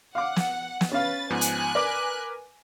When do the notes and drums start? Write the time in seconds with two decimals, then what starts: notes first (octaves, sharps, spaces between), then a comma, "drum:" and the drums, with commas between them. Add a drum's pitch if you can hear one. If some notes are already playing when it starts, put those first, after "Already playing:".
0.15 F5 F#5 D6
0.36 drum: snare
0.81 drum: snare
0.91 C#4 B4 F5 A6
1.30 G#2 F3 B3 G#5 F#6
1.41 drum: hi-hat
1.75 A#4 B4 D5 D6